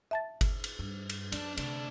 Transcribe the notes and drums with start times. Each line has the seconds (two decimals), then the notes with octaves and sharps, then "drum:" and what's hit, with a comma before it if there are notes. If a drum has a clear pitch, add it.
0.11 E5 A5 A6
0.41 drum: kick G1, cymbal
0.64 drum: cymbal
0.79 G2
1.09 drum: cymbal
1.32 F#2 D4, drum: cymbal
1.57 D2 C3 D4, drum: cymbal